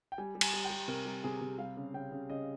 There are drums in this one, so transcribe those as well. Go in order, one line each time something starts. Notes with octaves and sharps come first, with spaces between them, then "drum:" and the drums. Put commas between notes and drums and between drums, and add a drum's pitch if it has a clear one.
G5
G3 G#5
G3
G#5, drum: cymbal
G3
G5
G3
C3 A#4
G3
C3 G#4
C3
G3 F5
C#3
C#3 G5
C#3
C#3 D#5